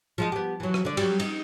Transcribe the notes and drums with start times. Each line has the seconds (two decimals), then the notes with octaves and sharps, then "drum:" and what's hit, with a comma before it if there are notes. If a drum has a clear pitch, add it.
0.18 F3 G#3 D#4
0.32 B3 G4
0.60 E3 F#3
0.74 drum: rim click
0.85 D3 D5
0.97 F#3 G3, drum: cymbal
1.20 D#4, drum: cymbal